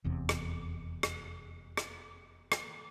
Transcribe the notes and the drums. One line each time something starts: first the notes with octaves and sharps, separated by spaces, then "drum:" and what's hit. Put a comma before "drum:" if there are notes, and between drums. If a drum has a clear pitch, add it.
F1 E2 C3
drum: rim click
drum: rim click
drum: rim click
drum: rim click